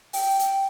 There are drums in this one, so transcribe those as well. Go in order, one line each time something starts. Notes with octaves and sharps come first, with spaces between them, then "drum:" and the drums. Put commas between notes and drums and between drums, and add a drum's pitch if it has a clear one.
G5, drum: open hi-hat
drum: hi-hat